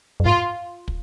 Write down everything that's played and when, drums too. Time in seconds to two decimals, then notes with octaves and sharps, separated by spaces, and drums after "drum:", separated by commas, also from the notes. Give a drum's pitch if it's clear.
0.20 F#2
0.25 G#2 F4
0.88 drum: kick